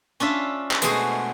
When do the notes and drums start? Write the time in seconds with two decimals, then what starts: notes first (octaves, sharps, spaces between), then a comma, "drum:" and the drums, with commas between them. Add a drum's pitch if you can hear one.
0.20 C#4 D4 F4 E5
0.71 drum: clap
0.82 B2 G#3 A3 F#4 G#4 C5, drum: hi-hat